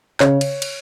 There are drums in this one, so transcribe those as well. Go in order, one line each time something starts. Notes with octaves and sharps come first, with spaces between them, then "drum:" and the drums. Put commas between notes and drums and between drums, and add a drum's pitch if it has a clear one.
C#3 C#5, drum: clap
drum: cymbal
drum: cymbal